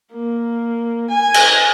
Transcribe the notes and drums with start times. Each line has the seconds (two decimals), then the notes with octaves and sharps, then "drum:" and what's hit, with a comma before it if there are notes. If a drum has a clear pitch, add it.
0.12 A#3
1.09 G#5
1.34 drum: cymbal